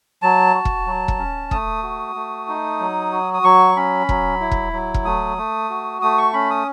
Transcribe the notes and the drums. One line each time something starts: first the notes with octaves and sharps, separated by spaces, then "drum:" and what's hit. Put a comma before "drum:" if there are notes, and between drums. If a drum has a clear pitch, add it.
F#3 A5
F#4
drum: kick E1
F#3
drum: kick E1
C#4
A3 D#6, drum: kick E1
F#4
A3
D#4
F#3
F#4
D#6
F#3 C#6
C#4 B5
F#3, drum: kick E1
E4
drum: kick E1
F#3
drum: kick E1
A3 D#6
A3
F#4
A3 D#6
C#6
C#4 B5
D#6